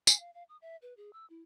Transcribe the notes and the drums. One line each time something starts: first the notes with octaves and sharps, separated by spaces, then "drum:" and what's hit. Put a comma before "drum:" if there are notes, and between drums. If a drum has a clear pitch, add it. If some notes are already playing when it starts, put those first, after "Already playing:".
G#5, drum: tambourine
F5
F5
D#6
E5
B4
G#4
E6
E4